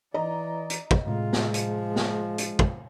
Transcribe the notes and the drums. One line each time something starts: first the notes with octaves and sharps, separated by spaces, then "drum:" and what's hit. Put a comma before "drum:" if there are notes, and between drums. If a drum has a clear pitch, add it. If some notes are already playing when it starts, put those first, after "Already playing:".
E3 D5 D#5 A#5
drum: hi-hat
drum: kick
A2 C3 G#3 F4
drum: snare
F3, drum: hi-hat
drum: snare
drum: hi-hat
drum: kick